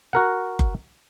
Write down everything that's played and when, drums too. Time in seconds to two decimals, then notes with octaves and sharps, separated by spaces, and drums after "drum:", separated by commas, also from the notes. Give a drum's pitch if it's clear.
0.13 F#4 A#4 F#5
0.59 drum: kick F#1